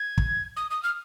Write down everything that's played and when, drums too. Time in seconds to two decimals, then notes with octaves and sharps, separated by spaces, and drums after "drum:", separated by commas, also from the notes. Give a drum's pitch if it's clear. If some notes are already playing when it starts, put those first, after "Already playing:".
Already playing: G#6
0.18 drum: kick
0.57 D#6
0.71 D#6
0.83 F6